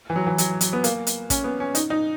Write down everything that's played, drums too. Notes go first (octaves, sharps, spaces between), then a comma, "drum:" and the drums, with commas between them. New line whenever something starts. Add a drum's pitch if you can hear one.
E3
F#3
E3
F#3, drum: hi-hat
F#3, drum: hi-hat
B3
A#3, drum: hi-hat
drum: hi-hat
C#4, drum: kick, hi-hat
B3
C#4
D#4, drum: hi-hat
D#4